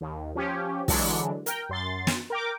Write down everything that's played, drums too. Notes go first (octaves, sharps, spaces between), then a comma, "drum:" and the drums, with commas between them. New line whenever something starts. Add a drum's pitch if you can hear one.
D#2
F3 C#4 G4
D3 E3 F#3 G#3 D4, drum: kick, open hi-hat
A#4 G5, drum: hi-hat
F#2 C6 A6
drum: snare
A#4 G5 D6